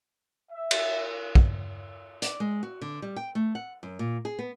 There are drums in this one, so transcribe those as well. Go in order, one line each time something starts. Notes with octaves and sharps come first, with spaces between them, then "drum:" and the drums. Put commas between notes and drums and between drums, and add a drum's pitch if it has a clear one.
E5
drum: cymbal
drum: kick
D5, drum: hi-hat
G#3
F#4
D3
G3
G5
A3
F#5
F#2
A#2
G#4
B3